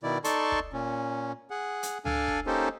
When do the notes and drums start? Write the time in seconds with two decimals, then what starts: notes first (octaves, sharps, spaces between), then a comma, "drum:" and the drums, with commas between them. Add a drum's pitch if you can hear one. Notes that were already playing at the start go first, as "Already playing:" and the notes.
0.03 B2 D#3 E4 D5
0.24 D#4 A4 D5 A5 C6 C#6, drum: hi-hat
0.52 drum: kick
0.73 A#2 C#4
1.50 G#4 F#5
1.83 drum: hi-hat
2.05 D4 A4 D5 F5 G#5, drum: tom C#2
2.28 drum: kick
2.47 A#3 C#4 D#4 G4 A4 C5